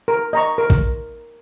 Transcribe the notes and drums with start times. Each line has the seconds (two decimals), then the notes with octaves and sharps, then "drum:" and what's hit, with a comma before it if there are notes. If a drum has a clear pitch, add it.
0.08 A#4
0.33 D#5 A#5 C#6
0.58 A#4
0.70 drum: kick A1